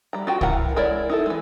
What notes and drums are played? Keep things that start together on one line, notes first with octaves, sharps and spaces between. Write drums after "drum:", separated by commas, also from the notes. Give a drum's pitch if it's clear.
G3 A#5
F4 F#4 G5
E3 A#4 F5 F#5 A#5, drum: kick
G#3 E4 A#4 C#5 D5
D#4 E4 A4
E3 G#3